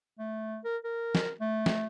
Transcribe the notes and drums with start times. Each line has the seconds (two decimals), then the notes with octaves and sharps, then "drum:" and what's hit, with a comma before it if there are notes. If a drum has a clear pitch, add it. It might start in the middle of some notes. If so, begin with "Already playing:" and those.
0.19 A3
0.64 A#4
0.84 A#4
1.15 drum: snare
1.40 A3
1.66 drum: snare